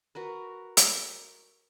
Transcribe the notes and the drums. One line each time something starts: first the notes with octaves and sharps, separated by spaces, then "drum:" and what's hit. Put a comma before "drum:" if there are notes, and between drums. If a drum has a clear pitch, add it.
F#4 A#4 B4
drum: hi-hat